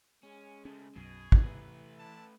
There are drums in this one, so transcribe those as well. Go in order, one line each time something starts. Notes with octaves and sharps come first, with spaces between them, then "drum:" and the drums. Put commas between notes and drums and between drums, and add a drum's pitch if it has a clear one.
G#3 C#4
C#3 A3 C#4
B1 F#2 B2 G#4
drum: kick
C3 E3 A3 B4
D4 E4 A5